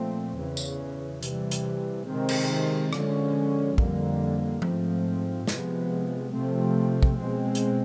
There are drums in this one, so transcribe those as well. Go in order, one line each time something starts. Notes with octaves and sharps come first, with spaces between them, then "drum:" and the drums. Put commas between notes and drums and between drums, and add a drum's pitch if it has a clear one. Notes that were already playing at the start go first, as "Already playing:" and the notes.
Already playing: A#2 F3 A3 C4
E2 C#3 E3
drum: tambourine
C3 E3 G3, drum: hi-hat
drum: hi-hat
C3 D#3 G#3 C4
drum: cymbal
D3 F3 G#3 C#4, drum: rim click
F2 D3 G3 A#3, drum: kick
G#2 F3 A3 C4, drum: tom F3
C3 F3 G#3 B3, drum: snare
C3 F3 A3 C4
drum: kick
B2 G#3 C4
drum: hi-hat